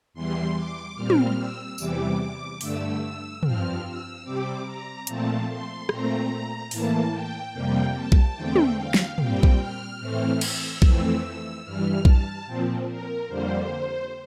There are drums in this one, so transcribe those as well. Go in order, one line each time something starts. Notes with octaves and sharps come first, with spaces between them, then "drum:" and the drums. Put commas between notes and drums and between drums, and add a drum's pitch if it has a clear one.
E2 E3 G3 C6
D6
A#2 G3 C4 F6
drum: tom
E6
E2 C3 E3 G3 D6, drum: tambourine
D6
G2 D3 A3 E6, drum: open hi-hat
G2 F3 C4 F6, drum: tom
E6
C3 G3 C4 D6
A#5
A#2 F3 A3 C4 A5, drum: hi-hat
C6
A#2 A3 C4 A#5, drum: rim click
A2 E3 A#3 A5, drum: open hi-hat
G5
F2 C3 G3 A#3 G5
A5
drum: kick B1
E2 D3 A3 C4 G5
drum: tom
F5
drum: snare
A#2 G3 C4 G5, drum: tom
drum: kick B1
F6
A2 E3 A3 C4 F6
E6, drum: cymbal
F2 E3 A3 C4 E6, drum: kick B1
G2 E3 G3 F6
A5, drum: kick B1
A#2 F3 C4
A#4
F2 D3 G3 A#3 C5